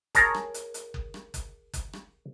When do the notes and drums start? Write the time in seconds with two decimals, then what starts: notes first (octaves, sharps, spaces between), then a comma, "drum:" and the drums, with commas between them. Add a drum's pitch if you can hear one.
0.15 G#4 A#4 C#5 A5 A#5, drum: kick F#1, hi-hat
0.34 drum: rim click
0.54 drum: hi-hat
0.74 drum: hi-hat
0.94 drum: kick F#1
1.14 drum: rim click
1.34 drum: kick F#1, hi-hat
1.73 drum: kick F#1, hi-hat
1.93 drum: rim click